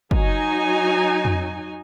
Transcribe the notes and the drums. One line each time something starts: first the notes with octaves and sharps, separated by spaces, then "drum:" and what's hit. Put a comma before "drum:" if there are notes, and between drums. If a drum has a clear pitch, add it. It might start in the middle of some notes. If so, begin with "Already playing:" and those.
F#3 D#4 G#5, drum: kick
drum: tom F2